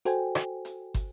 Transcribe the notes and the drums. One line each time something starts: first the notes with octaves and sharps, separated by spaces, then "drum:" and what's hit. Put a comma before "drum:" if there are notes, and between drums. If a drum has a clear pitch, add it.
F#4 A4 C5 G5 G#5, drum: hi-hat
drum: rim click
drum: hi-hat
drum: kick, hi-hat